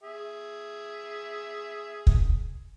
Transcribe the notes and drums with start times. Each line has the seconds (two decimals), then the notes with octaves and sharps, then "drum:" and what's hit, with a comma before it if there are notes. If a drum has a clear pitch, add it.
0.03 G#4 E5
2.07 drum: kick